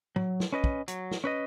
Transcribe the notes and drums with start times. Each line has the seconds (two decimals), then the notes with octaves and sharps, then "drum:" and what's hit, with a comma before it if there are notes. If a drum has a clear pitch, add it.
0.16 F#3, drum: tom
0.40 drum: snare
0.53 C#4 B4 D#5
0.64 drum: kick
0.88 F#3, drum: hi-hat
1.11 drum: snare
1.24 C#4 B4 D#5